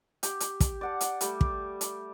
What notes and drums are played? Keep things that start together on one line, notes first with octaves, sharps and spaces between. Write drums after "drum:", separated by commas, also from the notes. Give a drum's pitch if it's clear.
G4, drum: hi-hat
drum: hi-hat
drum: kick, hi-hat
D5 F#5 A5
drum: hi-hat
G3 A3 G4, drum: hi-hat
drum: kick
drum: hi-hat